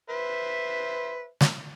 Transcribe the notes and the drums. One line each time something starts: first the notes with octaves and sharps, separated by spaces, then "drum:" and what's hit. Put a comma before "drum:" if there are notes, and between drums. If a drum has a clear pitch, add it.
B4 C5 E5
drum: snare